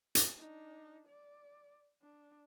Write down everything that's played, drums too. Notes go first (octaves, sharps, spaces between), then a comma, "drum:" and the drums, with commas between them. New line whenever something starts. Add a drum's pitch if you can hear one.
drum: hi-hat
D4 D#4
D5
D4